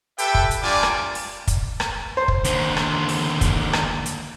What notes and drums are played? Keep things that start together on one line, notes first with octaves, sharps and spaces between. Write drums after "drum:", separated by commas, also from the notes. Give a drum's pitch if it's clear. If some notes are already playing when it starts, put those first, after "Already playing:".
G4 A4 B4 E5 G5, drum: hi-hat
drum: kick
drum: hi-hat
G3 D4 F4 D5 G#5 D6
drum: rim click
drum: open hi-hat
drum: kick, hi-hat
drum: rim click
C5
drum: kick
D#2 D3, drum: hi-hat
drum: rim click
drum: open hi-hat
drum: kick, hi-hat
drum: rim click
drum: hi-hat